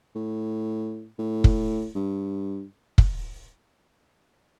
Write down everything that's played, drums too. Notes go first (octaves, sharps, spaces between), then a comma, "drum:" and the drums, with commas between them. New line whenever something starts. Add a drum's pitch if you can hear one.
A2
A2
drum: kick
G2
drum: kick